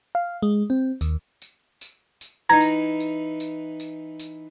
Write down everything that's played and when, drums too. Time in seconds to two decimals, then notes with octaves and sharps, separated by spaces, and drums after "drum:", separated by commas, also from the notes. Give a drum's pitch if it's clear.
0.15 F5
0.42 G#3
0.70 C4
1.01 D#2, drum: tambourine
1.42 drum: tambourine
1.81 drum: tambourine
2.21 drum: tambourine
2.49 E3 D#4 A#5 G#6 A#6
2.61 drum: tambourine
3.00 drum: tambourine
3.40 drum: tambourine
3.80 drum: tambourine
4.20 drum: tambourine